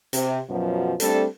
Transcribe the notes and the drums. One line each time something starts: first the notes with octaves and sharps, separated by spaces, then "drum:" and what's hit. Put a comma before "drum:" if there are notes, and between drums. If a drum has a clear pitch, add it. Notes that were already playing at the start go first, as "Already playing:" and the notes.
C3, drum: hi-hat
F#2 B2 F3 F#3
G3 A3 C4 D4 A4, drum: hi-hat